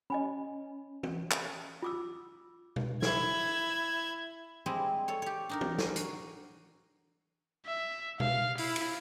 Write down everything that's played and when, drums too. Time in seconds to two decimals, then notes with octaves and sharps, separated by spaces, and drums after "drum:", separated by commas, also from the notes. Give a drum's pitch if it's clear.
0.10 C#4 D#5 G#5 B5
1.03 drum: tom
1.31 drum: clap
1.82 F4 D6 E6
2.76 drum: tom B2
3.02 E4 G#6, drum: snare
4.66 G3 G#3 C4 E4 G#4
5.08 A4 C#5
5.22 G4 C#5
5.49 D4 D#4 A#4
5.61 drum: tom
5.78 A#4 G#5, drum: snare
5.96 F#4, drum: hi-hat
7.66 E5
8.20 F5, drum: tom B2
8.58 E4, drum: open hi-hat
8.76 drum: cymbal